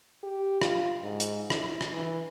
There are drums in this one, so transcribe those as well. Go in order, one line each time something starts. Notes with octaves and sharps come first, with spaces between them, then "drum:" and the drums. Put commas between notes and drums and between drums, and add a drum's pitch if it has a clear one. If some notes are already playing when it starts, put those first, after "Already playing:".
G4
F4, drum: rim click
G#2
drum: hi-hat
E4, drum: rim click
drum: rim click
E3